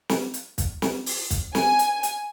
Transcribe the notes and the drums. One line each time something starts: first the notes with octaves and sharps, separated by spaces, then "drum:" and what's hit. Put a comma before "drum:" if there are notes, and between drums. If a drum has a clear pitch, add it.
drum: snare
drum: hi-hat
drum: kick, hi-hat
drum: snare
drum: open hi-hat
drum: kick, hi-hat
G#5, drum: snare
drum: hi-hat
drum: hi-hat